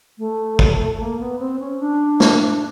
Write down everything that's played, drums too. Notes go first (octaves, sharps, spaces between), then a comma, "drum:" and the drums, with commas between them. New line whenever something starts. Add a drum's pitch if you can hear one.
A3
drum: kick
A#3
B3
C4
C#4
D4
drum: snare